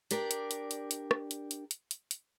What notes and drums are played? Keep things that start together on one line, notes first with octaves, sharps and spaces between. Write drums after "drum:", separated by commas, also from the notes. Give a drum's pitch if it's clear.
D4 G4 A#4 D5, drum: hi-hat
drum: hi-hat
drum: hi-hat
drum: hi-hat
drum: hi-hat
drum: rim click
drum: hi-hat
drum: hi-hat
drum: hi-hat
drum: hi-hat
drum: hi-hat